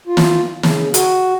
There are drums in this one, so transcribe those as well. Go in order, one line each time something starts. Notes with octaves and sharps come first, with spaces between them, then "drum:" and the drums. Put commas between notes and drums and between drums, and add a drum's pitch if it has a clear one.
F4
drum: snare
C#3, drum: snare
F#4, drum: hi-hat